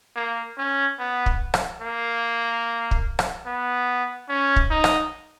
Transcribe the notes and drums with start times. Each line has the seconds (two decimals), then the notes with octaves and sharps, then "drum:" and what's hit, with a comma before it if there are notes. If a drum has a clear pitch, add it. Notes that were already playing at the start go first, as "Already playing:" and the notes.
0.16 A#3
0.58 C#4
0.99 B3
1.26 drum: kick
1.54 drum: rim click
1.81 A#3
2.91 drum: kick
3.19 drum: rim click
3.46 B3
4.29 C#4
4.56 drum: kick
4.70 D#4
4.84 drum: rim click